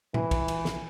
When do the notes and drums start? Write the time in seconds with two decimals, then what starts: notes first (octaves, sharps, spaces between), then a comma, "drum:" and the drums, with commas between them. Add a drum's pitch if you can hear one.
0.14 E3, drum: tom A2
0.31 drum: kick A#1, cymbal
0.48 drum: cymbal
0.65 drum: snare